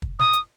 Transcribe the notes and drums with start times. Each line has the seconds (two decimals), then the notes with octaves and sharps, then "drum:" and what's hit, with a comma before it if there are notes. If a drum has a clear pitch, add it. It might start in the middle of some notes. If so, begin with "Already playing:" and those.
0.02 drum: kick
0.19 D#6, drum: snare
0.33 drum: hi-hat